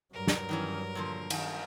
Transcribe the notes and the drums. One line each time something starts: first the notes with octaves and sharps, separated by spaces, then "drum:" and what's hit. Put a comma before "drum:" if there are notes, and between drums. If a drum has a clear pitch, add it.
G2 F#3 A#4
drum: snare
D#3 E3 C#4
A#2 D3 F3
D#3 G3, drum: cymbal